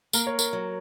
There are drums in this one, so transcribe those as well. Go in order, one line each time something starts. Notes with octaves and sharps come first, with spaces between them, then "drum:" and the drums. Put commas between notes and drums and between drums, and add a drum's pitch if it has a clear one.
A#3 A#4, drum: tambourine
C#5
A#4, drum: tambourine
F#3